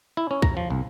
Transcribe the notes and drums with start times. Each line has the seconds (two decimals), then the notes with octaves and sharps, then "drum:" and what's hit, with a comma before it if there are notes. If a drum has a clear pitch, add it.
0.17 E4
0.31 C#4
0.42 A#5, drum: kick
0.57 F3
0.70 C2